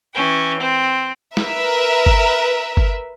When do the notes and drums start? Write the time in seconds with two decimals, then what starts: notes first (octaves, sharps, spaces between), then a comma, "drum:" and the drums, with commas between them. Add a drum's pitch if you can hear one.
0.14 E3 C#4 G5
0.59 C4
1.37 A#4 B4 E5, drum: snare
2.06 drum: kick G1
2.77 drum: kick G1